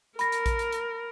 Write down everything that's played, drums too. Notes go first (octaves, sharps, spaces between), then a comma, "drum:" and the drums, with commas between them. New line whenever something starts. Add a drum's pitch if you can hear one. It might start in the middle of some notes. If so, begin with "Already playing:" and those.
A#4 B5 A#6, drum: hi-hat
drum: hi-hat
drum: kick A#1, hi-hat
drum: hi-hat
drum: hi-hat